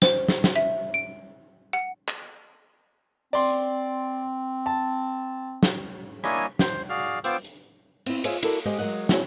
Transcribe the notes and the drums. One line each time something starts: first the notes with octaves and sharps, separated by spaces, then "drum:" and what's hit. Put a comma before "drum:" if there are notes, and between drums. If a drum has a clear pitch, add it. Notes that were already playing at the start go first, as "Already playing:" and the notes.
C5, drum: snare
drum: snare
drum: snare
E5
D7
F#5
drum: clap
C4 D5 C6, drum: open hi-hat
drum: hi-hat
A5
drum: snare
A#3 D4 E4 C#5 D#5 G#5, drum: rim click
C5, drum: snare
F#4 G#4 D5 F5 F6
B3 F4 C5 G5 D6 E6, drum: hi-hat
drum: hi-hat
C4 E4, drum: cymbal
F4 G#4 C5 C#5 D#5 E5, drum: cymbal
E4 F#4 A4 A#4 D5, drum: cymbal
G#3 G4 C5 D#5 F5 G5
F#3 G#3 A#4 D#5 F#5
C4 D4 E4 F#4 G#4 C#5, drum: snare